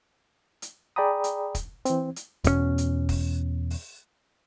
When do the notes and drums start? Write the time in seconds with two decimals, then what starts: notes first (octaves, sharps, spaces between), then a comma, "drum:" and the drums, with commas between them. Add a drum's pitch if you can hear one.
0.62 drum: hi-hat
0.96 G#4 D5 G5 A#5 B5 D#6
1.24 drum: hi-hat
1.55 drum: kick, hi-hat
1.85 E3 C4, drum: hi-hat
2.16 drum: hi-hat
2.44 E2 B2 A3 C#4, drum: kick, hi-hat
2.78 drum: hi-hat
3.09 drum: kick, open hi-hat
3.70 drum: open hi-hat